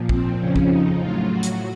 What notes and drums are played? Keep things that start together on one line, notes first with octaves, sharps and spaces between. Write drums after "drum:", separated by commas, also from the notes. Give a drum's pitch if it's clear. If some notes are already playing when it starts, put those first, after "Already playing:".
Already playing: A#2 F3
C4, drum: kick
F2 C#3 F3 C#4
drum: kick
D#4
A2 F#3 F4
F#4
drum: hi-hat